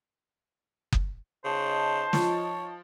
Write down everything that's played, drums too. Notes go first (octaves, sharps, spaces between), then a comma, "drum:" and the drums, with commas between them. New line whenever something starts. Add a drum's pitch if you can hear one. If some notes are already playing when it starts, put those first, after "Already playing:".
drum: kick F#1
C#3 D#4 C5 D#5 A5
F3 C#5, drum: snare